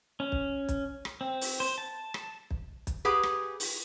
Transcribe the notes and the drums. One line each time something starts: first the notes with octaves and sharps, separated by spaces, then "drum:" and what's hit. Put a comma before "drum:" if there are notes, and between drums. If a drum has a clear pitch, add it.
C#4
drum: kick
drum: kick, hi-hat
drum: rim click
C4
drum: open hi-hat
C5
A5
drum: rim click
drum: kick
drum: kick, hi-hat
G4 G#4 B4 F#5
drum: rim click
drum: open hi-hat